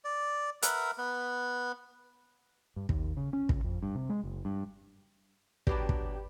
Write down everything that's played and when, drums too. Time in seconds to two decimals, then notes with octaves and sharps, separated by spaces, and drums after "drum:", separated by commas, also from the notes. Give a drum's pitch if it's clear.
0.05 D5
0.62 A#4 B4 E5 F#5, drum: hi-hat
0.98 B3 B4
2.76 G2
2.89 D#2, drum: kick
3.17 C#3
3.33 C#4
3.49 C#2, drum: kick
3.64 F2
3.83 G2
3.95 C3
4.09 G#3
4.24 F#1
4.45 G2
5.67 B2 F#3 D4 G4 B4 D5, drum: kick
5.89 drum: kick